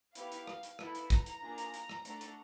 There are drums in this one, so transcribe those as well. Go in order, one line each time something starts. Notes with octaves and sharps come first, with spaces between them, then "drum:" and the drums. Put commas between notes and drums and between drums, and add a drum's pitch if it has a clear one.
B3 E4 G4 F5, drum: hi-hat
drum: hi-hat
drum: rim click
drum: hi-hat
B3 E4 A4, drum: rim click
drum: hi-hat
A#5, drum: kick, hi-hat
drum: hi-hat
A#3 D4 F4 G#4
drum: hi-hat
drum: hi-hat
drum: rim click
A3 D4 F#4 A4, drum: hi-hat
drum: hi-hat